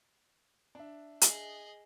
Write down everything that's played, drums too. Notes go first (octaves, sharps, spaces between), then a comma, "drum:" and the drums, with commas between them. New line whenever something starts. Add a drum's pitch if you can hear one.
D4 E5
G#4 D#5, drum: hi-hat